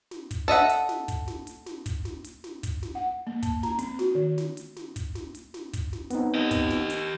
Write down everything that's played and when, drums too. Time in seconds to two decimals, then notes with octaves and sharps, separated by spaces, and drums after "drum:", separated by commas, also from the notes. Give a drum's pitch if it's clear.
0.11 drum: snare
0.31 drum: kick, hi-hat
0.48 A4 D#5 E5 F#5, drum: snare
0.69 drum: hi-hat
0.89 drum: snare
1.08 drum: kick, hi-hat
1.28 drum: snare
1.47 drum: hi-hat
1.66 drum: snare
1.86 drum: kick, hi-hat
2.05 drum: snare
2.24 drum: hi-hat
2.44 drum: snare
2.63 drum: kick, hi-hat
2.83 drum: snare
2.95 F#5
3.27 A#3
3.43 A5, drum: kick, hi-hat
3.63 A#5, drum: snare
3.79 C4, drum: hi-hat
3.99 F#4, drum: snare
4.15 D#3
4.38 drum: snare
4.57 drum: hi-hat
4.76 drum: snare
4.96 drum: kick, hi-hat
5.15 drum: snare
5.35 drum: hi-hat
5.54 drum: snare
5.73 drum: kick, hi-hat
5.93 drum: snare
6.10 B3 C4 D#4, drum: hi-hat
6.35 G4 D#5
6.51 drum: kick, hi-hat
6.70 drum: snare
6.90 drum: hi-hat